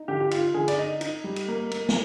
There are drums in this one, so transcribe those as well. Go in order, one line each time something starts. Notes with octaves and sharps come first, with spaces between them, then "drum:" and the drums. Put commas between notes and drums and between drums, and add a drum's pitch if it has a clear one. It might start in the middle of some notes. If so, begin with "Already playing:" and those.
Already playing: D#4
D3 G4
G4
D#4 F4, drum: cymbal
D3 G#4
D5, drum: cymbal
D#4 D#5
D#4, drum: cymbal
G3
drum: cymbal
A#3
A#3, drum: cymbal
drum: snare